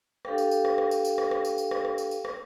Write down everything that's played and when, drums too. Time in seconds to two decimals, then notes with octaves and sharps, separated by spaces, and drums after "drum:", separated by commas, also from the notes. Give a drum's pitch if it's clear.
0.25 D4 G4 A4 F5 G5, drum: rim click
0.38 drum: tambourine
0.51 drum: tambourine
0.65 drum: rim click
0.78 drum: rim click
0.91 drum: tambourine
1.05 drum: tambourine
1.18 drum: rim click
1.31 drum: rim click
1.45 drum: tambourine
1.58 drum: tambourine
1.71 drum: rim click
1.85 drum: rim click
1.98 drum: tambourine
2.11 drum: tambourine
2.25 drum: rim click